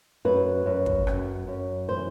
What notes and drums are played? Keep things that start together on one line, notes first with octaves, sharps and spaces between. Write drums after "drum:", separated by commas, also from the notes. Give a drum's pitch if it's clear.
F#2 B4
F#2
drum: kick
F#2, drum: rim click
F#2
E3 C5